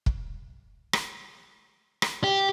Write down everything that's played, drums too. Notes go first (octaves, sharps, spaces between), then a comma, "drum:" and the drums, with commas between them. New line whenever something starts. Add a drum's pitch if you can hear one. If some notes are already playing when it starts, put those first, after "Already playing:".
drum: kick
drum: rim click
drum: rim click
G4